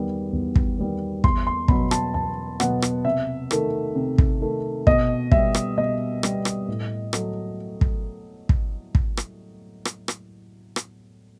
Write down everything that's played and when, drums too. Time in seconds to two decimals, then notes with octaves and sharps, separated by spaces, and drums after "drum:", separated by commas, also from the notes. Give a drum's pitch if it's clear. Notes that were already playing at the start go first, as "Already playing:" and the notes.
Already playing: E2 D#3 G3 B3
0.33 E2
0.56 drum: kick
0.79 D#3 G3 B3
1.24 E2 C6, drum: kick
1.47 C6
1.68 B2 F#3 B3 B5, drum: kick
1.91 A5, drum: rim click
2.14 E2 A5
2.60 B2 F#3 B3 F#5, drum: rim click
2.82 drum: rim click
3.05 C3 E5
3.51 D#3 A3, drum: rim click
3.95 C3
4.18 drum: kick
4.41 D#3 A3
4.87 B2 D#5, drum: kick
5.32 G3 B3 E5, drum: kick
5.54 drum: rim click
5.77 B2 D#5
6.23 G3 B3, drum: rim click
6.45 drum: rim click
6.68 A2
7.13 F#3 A3, drum: rim click
7.81 drum: kick
8.49 drum: kick
8.95 drum: kick
9.17 drum: rim click
9.85 drum: rim click
10.08 drum: rim click
10.76 drum: rim click